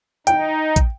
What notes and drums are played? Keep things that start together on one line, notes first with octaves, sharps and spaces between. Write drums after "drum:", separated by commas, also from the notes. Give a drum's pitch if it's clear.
D#4 G5, drum: hi-hat
drum: kick, hi-hat